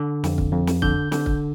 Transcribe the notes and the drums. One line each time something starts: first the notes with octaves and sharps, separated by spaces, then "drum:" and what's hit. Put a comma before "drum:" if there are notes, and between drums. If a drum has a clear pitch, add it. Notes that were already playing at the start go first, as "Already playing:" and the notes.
Already playing: D3
F2, drum: snare
drum: kick
F2
drum: snare
D3 G6, drum: kick
D3, drum: snare
drum: kick